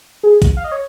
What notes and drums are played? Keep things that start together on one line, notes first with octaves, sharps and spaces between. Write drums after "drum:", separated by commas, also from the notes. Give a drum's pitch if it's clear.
G#4
drum: kick, hi-hat
F5
D#5
C#5